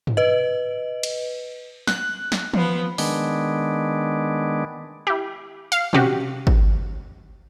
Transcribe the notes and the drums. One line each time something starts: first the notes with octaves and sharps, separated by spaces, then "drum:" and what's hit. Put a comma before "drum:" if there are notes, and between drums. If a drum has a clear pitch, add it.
drum: tom
B4 D#5
drum: cymbal
F#6, drum: snare
drum: snare
F3 B3, drum: tom
D#3 G#3 B3 D4, drum: open hi-hat
E4 G4
F5, drum: hi-hat
C3 C#4 F#4 G4, drum: tom
drum: kick G#1